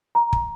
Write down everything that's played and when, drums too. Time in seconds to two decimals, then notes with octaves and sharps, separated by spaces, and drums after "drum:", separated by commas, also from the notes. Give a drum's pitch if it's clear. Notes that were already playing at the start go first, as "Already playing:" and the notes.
0.15 A#5
0.33 drum: kick